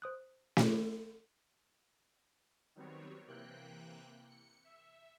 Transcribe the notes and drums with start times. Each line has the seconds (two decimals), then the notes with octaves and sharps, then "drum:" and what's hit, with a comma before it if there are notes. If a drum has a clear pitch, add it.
0.02 C5 D#6 F#6
0.57 drum: snare
2.75 D#3 F#3 G3 B3 C4 C#5
3.27 C3 E3 A#3 G5 F#6
4.29 C#7
4.65 E5